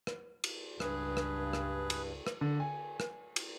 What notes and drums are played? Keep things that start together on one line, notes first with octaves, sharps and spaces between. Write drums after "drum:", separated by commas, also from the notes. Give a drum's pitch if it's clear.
drum: rim click
drum: cymbal
C#2 G2 G#4 B4, drum: rim click
drum: rim click
drum: rim click
drum: cymbal
drum: rim click
D3
G#5
drum: rim click
drum: cymbal